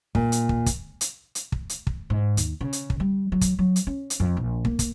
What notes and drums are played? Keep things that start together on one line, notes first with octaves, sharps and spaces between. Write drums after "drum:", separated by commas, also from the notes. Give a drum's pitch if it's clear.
A#2, drum: kick
drum: hi-hat
drum: kick
drum: kick, hi-hat
drum: hi-hat
drum: hi-hat
drum: kick
drum: hi-hat
drum: kick
G#2
D#2, drum: hi-hat
C#3
drum: hi-hat
drum: kick
G3
F#3
drum: kick, hi-hat
F#3
drum: hi-hat
C#4
drum: hi-hat
F2
A#1
A#3, drum: kick
drum: kick, hi-hat